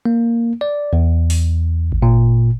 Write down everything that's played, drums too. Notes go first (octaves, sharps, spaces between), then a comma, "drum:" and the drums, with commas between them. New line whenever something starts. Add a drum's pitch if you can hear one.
A#3
D5
E2
drum: open hi-hat
drum: kick G#1
A#2